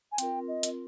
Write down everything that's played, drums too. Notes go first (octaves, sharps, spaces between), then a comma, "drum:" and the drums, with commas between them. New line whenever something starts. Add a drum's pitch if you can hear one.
G#5
C4 F4 A#4 G5, drum: hi-hat
D#5
drum: hi-hat